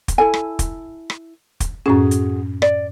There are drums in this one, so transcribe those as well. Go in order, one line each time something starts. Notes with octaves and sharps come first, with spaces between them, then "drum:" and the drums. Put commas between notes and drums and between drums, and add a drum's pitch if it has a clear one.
drum: kick, hi-hat
E4 A4 G#5
drum: rim click
drum: kick, hi-hat
drum: rim click
drum: kick, hi-hat
F#2 A2 C#4 F#4 G#4
drum: hi-hat
D5, drum: rim click